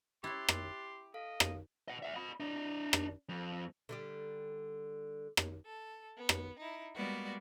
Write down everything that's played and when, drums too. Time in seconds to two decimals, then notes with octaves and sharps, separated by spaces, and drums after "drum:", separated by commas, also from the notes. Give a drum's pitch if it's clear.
0.24 E4 G4 C#5 C6 F#6 A6
0.49 drum: rim click
1.14 A4 D#5 F5
1.40 drum: rim click
1.88 D#5 F#5
2.02 E5 F#5
2.15 D#5 B5
2.40 D4 D#5
2.93 drum: rim click
3.29 F2
3.89 D3 G3 G4
5.37 drum: rim click
5.64 A4
6.18 B3
6.29 drum: rim click
6.60 D#4 E4
6.95 G3 G#3 A#3 B3 F#4 D5